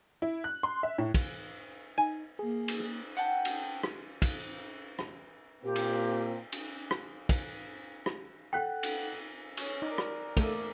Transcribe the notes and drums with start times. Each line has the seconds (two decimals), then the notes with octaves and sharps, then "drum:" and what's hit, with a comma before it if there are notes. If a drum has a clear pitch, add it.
0.22 E4
0.44 F#6
0.63 C6
0.83 E5
0.98 A2
1.14 drum: kick, cymbal
1.98 D#4 G#5
2.39 A#3 G#4
2.68 drum: cymbal
3.17 F#5 G5 A5
3.45 drum: cymbal
3.83 drum: rim click
4.22 drum: kick, cymbal
4.99 drum: rim click
5.64 A#2 A#3 C4 G4
5.76 drum: cymbal
6.52 drum: cymbal
6.91 drum: rim click
7.29 drum: kick, cymbal
8.06 drum: rim click
8.53 A4 F#5 G5 F#6 B6
8.83 drum: cymbal
9.57 C#4, drum: cymbal
9.82 D#4 A#4 D5
9.98 drum: rim click
10.37 A3 A#3 A4, drum: kick, cymbal